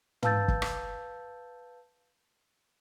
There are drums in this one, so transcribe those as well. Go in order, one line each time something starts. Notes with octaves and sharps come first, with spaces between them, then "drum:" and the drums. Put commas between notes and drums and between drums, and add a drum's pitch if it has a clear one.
B4 F5 A5 E6 G6 A6, drum: tom
drum: kick
drum: rim click